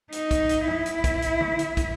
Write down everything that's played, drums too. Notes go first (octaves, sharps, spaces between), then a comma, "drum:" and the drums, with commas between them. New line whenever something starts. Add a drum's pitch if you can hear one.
D#4, drum: hi-hat
drum: kick, hi-hat
drum: hi-hat
E4, drum: tom G2
drum: hi-hat
drum: kick, hi-hat
drum: hi-hat
drum: tom D3
drum: hi-hat
drum: kick, hi-hat